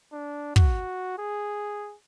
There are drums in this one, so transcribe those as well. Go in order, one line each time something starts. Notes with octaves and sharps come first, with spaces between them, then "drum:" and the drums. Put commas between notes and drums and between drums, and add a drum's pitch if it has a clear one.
D4
F#4, drum: kick
G#4